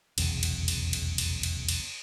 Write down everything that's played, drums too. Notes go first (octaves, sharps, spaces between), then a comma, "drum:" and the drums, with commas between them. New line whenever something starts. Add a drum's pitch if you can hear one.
F1 B1 E2 C#3, drum: cymbal
drum: cymbal
drum: cymbal
drum: cymbal
drum: cymbal
drum: cymbal
drum: cymbal